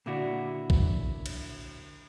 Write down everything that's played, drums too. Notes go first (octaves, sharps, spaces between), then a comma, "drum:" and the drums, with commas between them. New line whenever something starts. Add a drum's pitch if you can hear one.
A#2 D3 D4 E4 F#4
drum: kick A#1
drum: cymbal